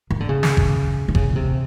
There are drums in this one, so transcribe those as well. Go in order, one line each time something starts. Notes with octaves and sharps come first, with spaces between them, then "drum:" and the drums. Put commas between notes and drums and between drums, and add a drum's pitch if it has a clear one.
D#3
D3
C#3
drum: snare
drum: kick G1
D3
C#3, drum: kick G1
C#3
C3